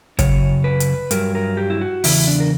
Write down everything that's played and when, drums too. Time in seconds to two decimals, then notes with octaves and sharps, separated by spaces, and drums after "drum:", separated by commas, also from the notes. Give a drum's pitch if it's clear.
0.19 F#2 C#3 C#5, drum: kick, hi-hat
0.64 B4
0.80 drum: hi-hat
1.11 G2 F#3 A#4, drum: hi-hat
1.35 A#4
1.57 G4
1.70 E4
1.81 F#4
2.04 E2 C#3 E4, drum: open hi-hat
2.27 D4
2.40 A#4